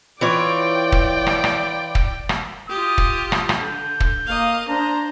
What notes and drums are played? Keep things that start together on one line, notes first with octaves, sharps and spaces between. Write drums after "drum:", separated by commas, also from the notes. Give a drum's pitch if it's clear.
E3 F4 C#5 D5 G5
drum: kick
drum: rim click
drum: rim click
drum: kick
drum: rim click
F4 G4 D#6
drum: kick
drum: rim click
drum: rim click
D3 G6
drum: kick
A#3 D#5 F5
D4 C5 A#5